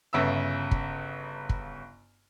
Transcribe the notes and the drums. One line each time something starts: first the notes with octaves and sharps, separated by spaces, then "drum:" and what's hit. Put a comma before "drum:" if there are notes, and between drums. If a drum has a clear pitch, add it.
G1 C#3 E5 E6
drum: kick
drum: kick